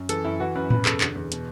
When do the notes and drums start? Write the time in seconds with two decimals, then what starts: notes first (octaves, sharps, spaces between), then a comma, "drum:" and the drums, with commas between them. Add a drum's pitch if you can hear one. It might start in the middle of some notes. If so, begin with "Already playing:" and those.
Already playing: F#2
0.09 E3 A4, drum: hi-hat
0.25 F#2 E4
0.40 E3 F#4
0.55 F#2 B4
0.70 B2 B4, drum: tom A2
0.85 E2 A4, drum: clap
1.01 D3, drum: clap
1.15 E2
1.32 B2, drum: hi-hat